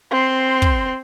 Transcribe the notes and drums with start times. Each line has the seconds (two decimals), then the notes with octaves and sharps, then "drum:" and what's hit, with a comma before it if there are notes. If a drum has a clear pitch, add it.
0.11 C4 C6
0.62 drum: kick